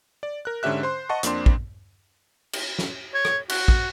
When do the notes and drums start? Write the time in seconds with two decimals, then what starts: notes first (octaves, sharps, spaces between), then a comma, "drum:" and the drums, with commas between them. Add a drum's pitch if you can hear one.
0.23 D5
0.45 A#4 F#6
0.63 G#2 D3 C#4 G4 E5 F#6
0.83 C5 C6
1.09 D#5 F#5 A5 C#6
1.23 F2 A#3 C4 D4 C6, drum: hi-hat
1.46 drum: kick
2.53 drum: cymbal
2.79 drum: snare
3.14 C#5
3.25 drum: rim click
3.49 F#4, drum: cymbal
3.68 drum: kick